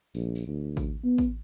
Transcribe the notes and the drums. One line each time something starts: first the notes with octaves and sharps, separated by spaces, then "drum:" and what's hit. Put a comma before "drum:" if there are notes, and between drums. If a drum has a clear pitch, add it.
A#1, drum: tambourine
drum: tambourine
D2
drum: kick A1, tambourine
B3
drum: kick A1, tambourine